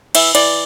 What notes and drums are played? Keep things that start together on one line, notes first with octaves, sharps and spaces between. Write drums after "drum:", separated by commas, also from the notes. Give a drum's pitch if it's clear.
E3 E5, drum: cymbal
E3 D5, drum: cymbal